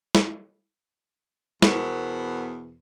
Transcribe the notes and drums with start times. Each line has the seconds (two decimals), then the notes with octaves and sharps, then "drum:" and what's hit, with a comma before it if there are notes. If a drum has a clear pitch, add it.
0.15 drum: snare
1.62 E2 B2 B3 A#4 C5 C#6, drum: snare